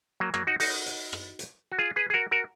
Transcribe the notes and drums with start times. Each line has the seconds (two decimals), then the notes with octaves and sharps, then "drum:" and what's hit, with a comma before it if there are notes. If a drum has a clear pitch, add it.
0.20 F#3 A#3
0.34 F#3 A#3, drum: rim click
0.47 D#4 F#4
0.60 D#4 F#4, drum: open hi-hat
0.86 drum: hi-hat
1.13 drum: rim click
1.39 drum: hi-hat
1.72 F#4
1.78 F4 G#4
1.96 G#4 B4
2.10 G#4
2.14 F#4 A#4
2.31 F#4 A#4